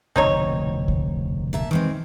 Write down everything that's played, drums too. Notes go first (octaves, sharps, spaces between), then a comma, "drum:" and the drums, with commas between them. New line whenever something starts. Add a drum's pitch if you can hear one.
F1 D2 B2 C4 D#4 C#5
drum: kick C#2
A#2 E5 A5
D#3 E3 G#3 C4